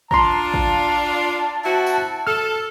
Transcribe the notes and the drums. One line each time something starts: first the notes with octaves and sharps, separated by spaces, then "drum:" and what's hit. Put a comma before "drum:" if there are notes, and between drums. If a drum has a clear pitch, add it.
D4 F4 A5 A#5 C6, drum: kick
drum: kick
C4 E4 F#4
drum: tambourine
A4 F6